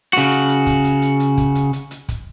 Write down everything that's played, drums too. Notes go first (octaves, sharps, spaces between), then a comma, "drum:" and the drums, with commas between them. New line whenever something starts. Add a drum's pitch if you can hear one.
C#3 F#4, drum: hi-hat
drum: hi-hat
drum: hi-hat
drum: kick, hi-hat
drum: hi-hat
drum: hi-hat
drum: hi-hat
drum: kick, hi-hat
drum: hi-hat
drum: hi-hat
drum: hi-hat
drum: kick, hi-hat